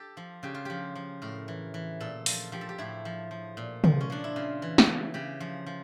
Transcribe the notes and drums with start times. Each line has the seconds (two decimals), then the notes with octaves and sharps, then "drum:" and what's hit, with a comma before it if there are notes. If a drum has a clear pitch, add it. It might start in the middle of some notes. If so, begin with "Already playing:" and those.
Already playing: G4 A4
0.17 F3
0.43 C#3 G4
0.55 F4
0.65 F3 G4
0.95 F3
1.22 A2 A#4
1.48 E3
1.74 E3
2.00 A#2 A4
2.26 F3 A4, drum: open hi-hat
2.52 F3 G4
2.61 A4
2.69 G4
2.78 A2 E4
3.05 F3
3.31 F3
3.57 A#2
3.84 F3, drum: tom
4.01 C#4
4.10 F3 D4
4.24 E4
4.36 C#3 F4
4.62 E3
4.78 drum: snare
4.88 E3
5.14 C#3 G4
5.40 F3
5.66 F3